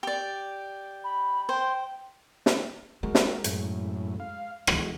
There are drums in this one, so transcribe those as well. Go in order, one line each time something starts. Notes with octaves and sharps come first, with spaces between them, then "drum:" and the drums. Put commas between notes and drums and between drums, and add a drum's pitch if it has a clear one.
G4 D5
B5
C5 G5
drum: snare
G#3 F#4 A#4
drum: snare
F#2 A2, drum: hi-hat
F5
E3 G#3 E4 F#4, drum: rim click